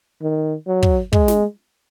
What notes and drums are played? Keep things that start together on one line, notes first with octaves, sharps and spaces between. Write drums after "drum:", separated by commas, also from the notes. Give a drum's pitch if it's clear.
D#3
F#3
drum: kick
G#3, drum: kick
drum: snare